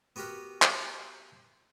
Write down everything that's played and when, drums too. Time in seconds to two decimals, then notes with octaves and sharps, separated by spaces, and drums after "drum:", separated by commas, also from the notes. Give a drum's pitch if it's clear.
0.16 B3 F#4 G4 A#4 B4
0.62 drum: clap